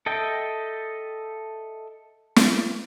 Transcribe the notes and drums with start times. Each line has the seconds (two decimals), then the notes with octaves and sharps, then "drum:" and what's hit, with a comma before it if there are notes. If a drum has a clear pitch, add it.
0.06 A4 D#5 E5 G5
2.36 drum: snare